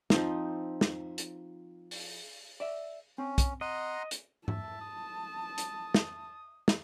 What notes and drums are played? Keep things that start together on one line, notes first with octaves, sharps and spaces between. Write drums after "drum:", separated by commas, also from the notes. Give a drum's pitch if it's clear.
F3 C4 D#4 D#5, drum: snare
drum: snare
drum: hi-hat
drum: open hi-hat
D5 E5
C4 C#4
drum: kick, hi-hat
D#5 F#5 A#5 C6
drum: hi-hat
E5 A5, drum: tom G#2
D#6
drum: hi-hat
drum: snare
drum: snare